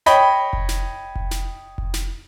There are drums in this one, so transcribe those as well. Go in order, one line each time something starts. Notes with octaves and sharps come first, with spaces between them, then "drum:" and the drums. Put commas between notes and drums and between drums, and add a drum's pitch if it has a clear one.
C#5 D#5 G5 B5, drum: snare
drum: kick F1
drum: snare
drum: kick F1
drum: snare
drum: kick F1
drum: snare